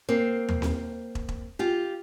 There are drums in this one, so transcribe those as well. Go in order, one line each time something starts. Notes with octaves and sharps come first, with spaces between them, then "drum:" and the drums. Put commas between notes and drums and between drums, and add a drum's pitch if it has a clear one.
A#3 C4
drum: tom D#2
drum: snare C4
drum: kick
drum: kick
F4 G4